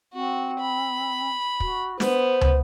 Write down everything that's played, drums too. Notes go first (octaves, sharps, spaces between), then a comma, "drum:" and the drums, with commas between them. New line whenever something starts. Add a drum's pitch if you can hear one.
C4 F#4
B5
F#4, drum: kick
B3 C5, drum: snare
drum: tom